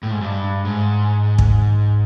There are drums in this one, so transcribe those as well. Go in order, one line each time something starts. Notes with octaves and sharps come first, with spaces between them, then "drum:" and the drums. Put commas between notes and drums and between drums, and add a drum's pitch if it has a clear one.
A2
G#2
G2
G#2
drum: kick